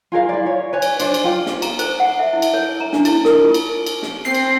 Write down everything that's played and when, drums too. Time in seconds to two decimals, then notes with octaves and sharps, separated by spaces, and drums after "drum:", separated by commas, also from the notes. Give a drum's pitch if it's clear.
0.12 F4 G#4 A#4 F5
0.29 E4 D5
0.46 C#5
0.73 B4 C#5 G#5
0.82 drum: cymbal
1.00 D4 C5 D5, drum: cymbal
1.14 drum: cymbal
1.24 F4 G5
1.46 drum: snare
1.62 A#5, drum: cymbal
1.79 C5, drum: cymbal
2.00 F#5
2.19 E5
2.33 E4
2.42 drum: cymbal
2.54 C#5
2.80 A#5
2.93 D4, drum: snare
3.05 E4, drum: cymbal
3.25 A#4, drum: snare
3.42 F4
3.54 drum: cymbal
3.86 drum: cymbal
4.02 drum: snare
4.25 C4 C7
4.35 drum: cymbal